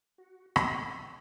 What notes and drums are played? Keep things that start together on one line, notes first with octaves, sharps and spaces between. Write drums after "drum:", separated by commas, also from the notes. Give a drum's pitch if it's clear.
F#4
E5, drum: rim click